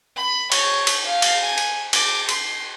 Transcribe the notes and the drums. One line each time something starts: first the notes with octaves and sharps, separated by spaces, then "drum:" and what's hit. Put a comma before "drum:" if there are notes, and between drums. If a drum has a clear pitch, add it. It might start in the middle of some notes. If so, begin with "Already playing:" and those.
B5
C#5, drum: cymbal
drum: cymbal
F5
drum: cymbal
G#5
drum: cymbal
D6, drum: cymbal
C6, drum: cymbal